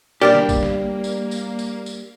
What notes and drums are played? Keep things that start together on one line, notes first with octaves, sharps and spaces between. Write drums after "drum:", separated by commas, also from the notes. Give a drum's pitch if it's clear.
G3 A#3 D4 G4 A#4 D5
drum: snare
drum: kick A#1, tambourine
drum: snare
drum: tambourine
drum: tambourine
drum: tambourine
drum: tambourine